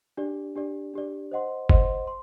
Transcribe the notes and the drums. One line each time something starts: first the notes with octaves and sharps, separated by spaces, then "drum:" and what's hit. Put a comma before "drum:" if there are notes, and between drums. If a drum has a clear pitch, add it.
D4 G4 D5
D4 G4 D5
D4 G4 D5
C5 D#5 F#5 C6
C5 D#5 F#5 C6, drum: kick F#1
C6